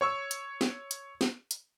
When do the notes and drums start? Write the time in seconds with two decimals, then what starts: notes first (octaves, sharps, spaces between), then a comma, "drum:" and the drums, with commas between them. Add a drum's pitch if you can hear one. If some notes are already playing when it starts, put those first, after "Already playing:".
0.01 C#5 C#6 E6
0.31 drum: hi-hat
0.61 drum: snare
0.91 drum: hi-hat
1.21 drum: snare
1.51 drum: hi-hat